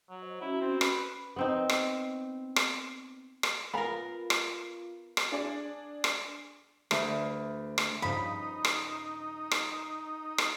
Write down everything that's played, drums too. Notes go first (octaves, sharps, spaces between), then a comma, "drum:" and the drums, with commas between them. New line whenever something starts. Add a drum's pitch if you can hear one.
F#3
C5 D#5
C#4 E4 F#4
C4
B4, drum: rim click
B3 C4 D#4
drum: rim click
drum: rim click
drum: rim click
B3 F4 A#4 F5 A#5 B5
drum: rim click
drum: rim click
D4 G#4 D5
drum: rim click
D2 B4, drum: rim click
drum: rim click
G2 C#3 F3 D#4 B5
drum: rim click
drum: rim click
drum: rim click